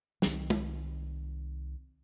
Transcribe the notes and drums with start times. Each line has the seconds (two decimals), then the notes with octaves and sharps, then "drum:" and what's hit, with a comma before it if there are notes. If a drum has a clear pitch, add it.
0.22 C2 D#3 C4, drum: snare
0.50 drum: tom